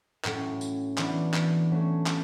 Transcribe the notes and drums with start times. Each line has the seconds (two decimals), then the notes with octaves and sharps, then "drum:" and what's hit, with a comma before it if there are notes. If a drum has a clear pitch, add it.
0.25 A2 F#3 C#4, drum: clap
0.61 drum: tambourine
0.98 E3 B3 D4 F#4, drum: clap
1.34 drum: clap
1.71 F#3 A3 C#4 F#4
2.07 drum: clap